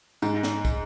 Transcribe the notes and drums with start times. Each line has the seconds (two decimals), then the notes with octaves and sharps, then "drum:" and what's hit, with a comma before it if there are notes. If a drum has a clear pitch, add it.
0.22 G#2, drum: tambourine
0.43 drum: snare
0.65 drum: kick, tambourine